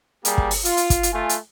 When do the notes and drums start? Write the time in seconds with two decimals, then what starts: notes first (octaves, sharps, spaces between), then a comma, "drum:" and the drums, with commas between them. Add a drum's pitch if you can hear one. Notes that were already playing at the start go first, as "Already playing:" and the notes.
0.25 G3 A#3 G4 G#4, drum: hi-hat
0.38 drum: kick
0.51 drum: open hi-hat
0.65 F4, drum: hi-hat
0.77 drum: hi-hat
0.90 drum: kick, hi-hat
1.03 drum: hi-hat
1.13 A3 F4 G#5
1.29 drum: hi-hat